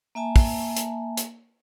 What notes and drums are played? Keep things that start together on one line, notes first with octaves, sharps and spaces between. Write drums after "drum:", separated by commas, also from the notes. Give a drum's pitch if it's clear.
A#3 E5 G#5 A5
drum: kick, open hi-hat
drum: hi-hat
drum: hi-hat